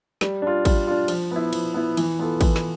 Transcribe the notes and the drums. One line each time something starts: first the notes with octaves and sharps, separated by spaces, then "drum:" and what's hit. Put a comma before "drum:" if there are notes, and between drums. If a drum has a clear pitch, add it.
G3, drum: snare
D4 F4
G3, drum: kick, cymbal
D4 F4
F3, drum: cymbal
B3 E4
F3, drum: cymbal
B3 E4
E3, drum: cymbal
B3 F4 A4
E3, drum: kick, cymbal
drum: snare